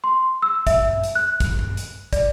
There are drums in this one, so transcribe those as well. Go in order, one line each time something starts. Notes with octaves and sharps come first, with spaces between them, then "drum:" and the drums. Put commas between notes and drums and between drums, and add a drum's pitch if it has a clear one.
C6
E6
E5, drum: kick, hi-hat
drum: tom G2
drum: hi-hat
F#6
drum: kick, hi-hat
drum: tom G2
drum: hi-hat
D5, drum: kick, hi-hat